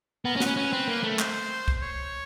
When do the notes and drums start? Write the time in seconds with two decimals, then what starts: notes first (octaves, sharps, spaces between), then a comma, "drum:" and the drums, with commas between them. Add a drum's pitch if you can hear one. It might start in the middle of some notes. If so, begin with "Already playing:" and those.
0.25 B3 A#4
0.36 C#4
0.40 B4, drum: snare
0.46 C#4
0.56 C#4 B4
0.73 C4
0.88 A#3
1.03 A3
1.19 C5, drum: clap
1.68 drum: kick
1.82 C#5